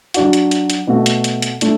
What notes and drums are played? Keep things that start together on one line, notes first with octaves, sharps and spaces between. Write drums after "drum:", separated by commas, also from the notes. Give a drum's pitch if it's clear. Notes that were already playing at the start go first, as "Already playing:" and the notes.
F#3 D4 F#4, drum: hi-hat
drum: hi-hat
drum: hi-hat
drum: hi-hat
B2 A3 F#4
drum: hi-hat
drum: hi-hat
drum: hi-hat
A3 D4, drum: hi-hat